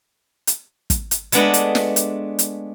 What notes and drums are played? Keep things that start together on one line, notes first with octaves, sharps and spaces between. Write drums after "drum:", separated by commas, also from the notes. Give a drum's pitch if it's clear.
drum: hi-hat
drum: kick, hi-hat
drum: hi-hat
G#3 A3 B3 D4 D5 D#5, drum: hi-hat
drum: hi-hat
drum: snare
drum: hi-hat
drum: hi-hat